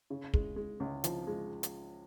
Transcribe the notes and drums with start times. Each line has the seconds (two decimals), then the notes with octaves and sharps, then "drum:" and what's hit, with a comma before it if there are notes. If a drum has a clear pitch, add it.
0.10 C#3
0.34 G#3, drum: kick
0.56 G#3
0.80 C#2
1.04 F3, drum: hi-hat
1.27 G#3
1.63 drum: hi-hat